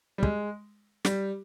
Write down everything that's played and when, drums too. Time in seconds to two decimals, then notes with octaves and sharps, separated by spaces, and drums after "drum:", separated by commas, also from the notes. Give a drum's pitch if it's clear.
0.18 G3
0.23 G#3, drum: kick
1.05 G3, drum: snare